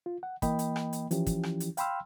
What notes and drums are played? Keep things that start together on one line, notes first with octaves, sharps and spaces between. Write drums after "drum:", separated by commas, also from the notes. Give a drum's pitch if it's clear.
F4
F#5
E3 A#3 D#5 G5 B5, drum: kick, hi-hat
drum: hi-hat
drum: rim click
drum: hi-hat
E3 F3 C#4 E4 G4, drum: hi-hat
drum: kick, hi-hat
drum: rim click
drum: hi-hat
F5 G5 B5 C6 E6 F6, drum: hi-hat